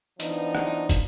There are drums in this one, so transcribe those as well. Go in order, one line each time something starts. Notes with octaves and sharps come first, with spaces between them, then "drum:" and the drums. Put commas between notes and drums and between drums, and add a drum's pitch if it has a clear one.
E3 F3 B3 D4 D#4, drum: hi-hat
drum: rim click
drum: kick, hi-hat